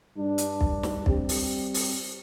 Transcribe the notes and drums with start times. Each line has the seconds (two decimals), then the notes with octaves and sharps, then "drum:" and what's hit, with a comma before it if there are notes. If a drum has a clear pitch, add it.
0.15 G2 G3 D4
0.38 drum: hi-hat
0.61 drum: kick
0.83 drum: snare
1.06 G3 C4 G4, drum: kick
1.29 drum: open hi-hat
1.74 drum: open hi-hat